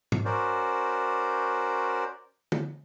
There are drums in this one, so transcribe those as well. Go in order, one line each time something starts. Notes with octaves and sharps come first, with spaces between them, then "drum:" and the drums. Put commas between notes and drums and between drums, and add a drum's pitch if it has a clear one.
drum: tom G#2
C#4 F#4 A#4 C5 D5
drum: tom D3